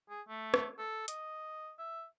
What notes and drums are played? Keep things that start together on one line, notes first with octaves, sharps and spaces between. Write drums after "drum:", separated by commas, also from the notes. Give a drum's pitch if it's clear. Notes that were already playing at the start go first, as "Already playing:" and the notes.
G#4
A3
drum: rim click
A4
D#5, drum: hi-hat
E5